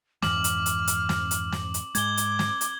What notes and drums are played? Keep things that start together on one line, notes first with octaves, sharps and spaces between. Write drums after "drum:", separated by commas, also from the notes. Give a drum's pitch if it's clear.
F2 G#2 E3 D6 F6 F#7, drum: snare
drum: hi-hat
drum: hi-hat
drum: hi-hat
drum: snare
drum: hi-hat
drum: snare
drum: hi-hat
G#2 G#3 D6 G#6 G7, drum: hi-hat
drum: hi-hat
drum: snare
drum: hi-hat